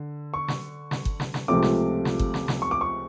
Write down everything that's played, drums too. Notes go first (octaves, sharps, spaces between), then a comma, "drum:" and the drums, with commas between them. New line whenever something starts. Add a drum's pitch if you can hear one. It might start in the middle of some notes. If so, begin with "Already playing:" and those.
Already playing: D3
C#6
drum: snare
drum: snare
drum: kick G1
drum: snare
drum: snare
C#2 C3 F3 A3 C4 D6
drum: snare
drum: snare
drum: kick G1
drum: snare
drum: snare
C#6
D6
C#6